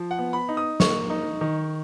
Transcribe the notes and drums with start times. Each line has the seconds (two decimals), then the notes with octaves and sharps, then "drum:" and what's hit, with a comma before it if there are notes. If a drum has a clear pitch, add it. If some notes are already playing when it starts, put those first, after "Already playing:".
Already playing: F3
0.11 F#5
0.18 B3
0.33 B5
0.48 D#4
0.57 D#6
0.80 A#3 C#6, drum: snare
1.10 D#4
1.41 D#3